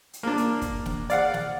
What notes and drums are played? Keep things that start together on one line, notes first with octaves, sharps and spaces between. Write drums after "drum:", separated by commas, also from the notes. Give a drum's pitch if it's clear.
drum: hi-hat
A#3 D4
drum: hi-hat
drum: kick, hi-hat
drum: snare
D5 F5 F#5, drum: hi-hat
drum: snare